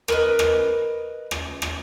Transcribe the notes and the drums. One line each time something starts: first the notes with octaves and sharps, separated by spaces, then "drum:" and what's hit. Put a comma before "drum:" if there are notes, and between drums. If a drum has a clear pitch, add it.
A#4 B4 D#5, drum: rim click
drum: rim click
drum: rim click
drum: rim click